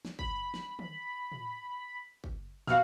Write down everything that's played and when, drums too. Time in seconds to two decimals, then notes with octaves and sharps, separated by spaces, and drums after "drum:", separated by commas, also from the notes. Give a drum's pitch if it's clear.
0.05 drum: snare
0.19 B5, drum: kick
0.54 drum: snare
0.79 drum: tom
1.32 drum: tom A2
2.24 drum: kick
2.67 B2 F#4 F5 F6, drum: snare